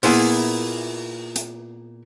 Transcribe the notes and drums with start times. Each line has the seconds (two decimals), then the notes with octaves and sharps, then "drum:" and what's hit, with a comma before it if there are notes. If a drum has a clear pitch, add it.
0.03 A#2 B3 E4 G#4, drum: open hi-hat
1.36 drum: hi-hat